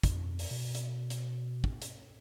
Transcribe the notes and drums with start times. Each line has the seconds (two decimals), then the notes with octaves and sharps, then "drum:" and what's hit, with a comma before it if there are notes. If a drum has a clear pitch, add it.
0.03 F2, drum: kick, hi-hat
0.39 drum: open hi-hat
0.51 B2
0.75 drum: hi-hat
1.10 drum: hi-hat
1.64 drum: kick
1.82 drum: hi-hat